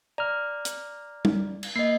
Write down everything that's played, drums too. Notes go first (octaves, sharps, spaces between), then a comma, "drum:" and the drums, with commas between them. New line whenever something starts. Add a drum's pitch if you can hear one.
D5 A#5 F6
drum: hi-hat
drum: tom G3
drum: cymbal
A#3 D#5 C7